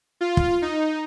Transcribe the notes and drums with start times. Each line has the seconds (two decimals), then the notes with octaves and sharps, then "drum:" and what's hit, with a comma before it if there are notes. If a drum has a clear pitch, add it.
0.21 F4
0.37 drum: kick
0.62 D#4